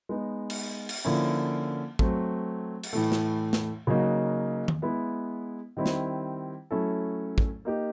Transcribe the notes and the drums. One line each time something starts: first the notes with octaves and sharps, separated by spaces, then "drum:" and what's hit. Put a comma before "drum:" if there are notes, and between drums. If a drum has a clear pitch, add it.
G#3 B3 D#4
drum: cymbal
drum: cymbal
D3 F3 A#3 C#4 E4
F#3 A3 C4, drum: kick
drum: cymbal
A2 E3 A3
drum: snare
drum: snare
C#3 F#3 A#3 D#4 F#4
drum: tom D#3
G#3 B3 E4
D#3 G3 C4 E4
drum: snare
F#3 A3 C#4 E4 A4
drum: kick
A#3 D#4 G4